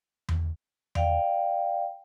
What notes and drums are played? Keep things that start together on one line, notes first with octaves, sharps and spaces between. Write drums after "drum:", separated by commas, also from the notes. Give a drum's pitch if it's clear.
drum: tom E2
D5 F5 G5, drum: tom E2